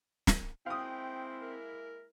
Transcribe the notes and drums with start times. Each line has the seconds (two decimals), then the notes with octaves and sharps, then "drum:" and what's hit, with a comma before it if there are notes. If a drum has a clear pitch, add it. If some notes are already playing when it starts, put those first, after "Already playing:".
0.27 drum: snare
0.66 G#3 A#3 C4 E4 F5 G5 D#6
1.42 A#4